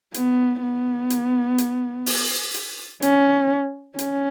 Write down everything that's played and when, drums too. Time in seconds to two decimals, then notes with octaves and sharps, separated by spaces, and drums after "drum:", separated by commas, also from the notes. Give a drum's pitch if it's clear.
0.14 B3, drum: hi-hat
0.62 B3
1.10 drum: hi-hat
1.58 drum: hi-hat
2.06 drum: open hi-hat
2.54 drum: hi-hat
3.02 C#4, drum: hi-hat
3.99 C#4, drum: hi-hat